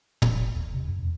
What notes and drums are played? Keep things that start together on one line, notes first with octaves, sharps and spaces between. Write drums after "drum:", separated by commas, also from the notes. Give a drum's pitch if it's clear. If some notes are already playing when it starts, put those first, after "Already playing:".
D#1, drum: tom
F#1
D#2
C3
F#2
E2